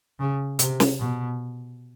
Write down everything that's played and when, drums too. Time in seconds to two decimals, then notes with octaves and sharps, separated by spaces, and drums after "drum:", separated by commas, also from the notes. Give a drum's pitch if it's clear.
0.19 C#3
0.59 C3, drum: hi-hat
0.80 drum: snare
0.99 B2